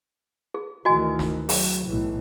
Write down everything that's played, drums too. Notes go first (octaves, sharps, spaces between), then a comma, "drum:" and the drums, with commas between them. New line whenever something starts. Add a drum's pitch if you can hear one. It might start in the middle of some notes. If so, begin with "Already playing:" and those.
G#4
D2 D#3 E3 F#4 D#5 G#5
drum: snare
F#3 G#4, drum: open hi-hat
B1 A2 E3